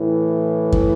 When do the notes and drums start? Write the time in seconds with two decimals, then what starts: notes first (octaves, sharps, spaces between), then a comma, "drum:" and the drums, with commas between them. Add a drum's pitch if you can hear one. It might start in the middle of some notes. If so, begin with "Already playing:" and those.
Already playing: A2 E3
0.73 drum: kick